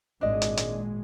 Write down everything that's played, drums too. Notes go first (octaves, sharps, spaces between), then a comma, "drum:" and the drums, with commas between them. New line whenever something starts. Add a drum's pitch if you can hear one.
G#1 A#2 G#3 D4 D#5
drum: hi-hat
drum: hi-hat